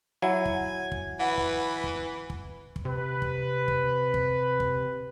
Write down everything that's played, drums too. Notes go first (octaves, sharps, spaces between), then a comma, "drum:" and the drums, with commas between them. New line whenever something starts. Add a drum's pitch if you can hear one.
F#3 E4 F#5 G#5
drum: kick
drum: kick
E3 B4 F#5
drum: kick
drum: kick
drum: kick
drum: kick
C3 B4
drum: kick
drum: kick
drum: kick
drum: kick